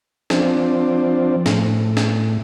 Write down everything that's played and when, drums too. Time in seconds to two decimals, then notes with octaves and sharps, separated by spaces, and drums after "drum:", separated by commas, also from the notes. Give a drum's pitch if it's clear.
0.30 F3 C4 D4, drum: snare
1.46 A2, drum: snare
1.97 drum: snare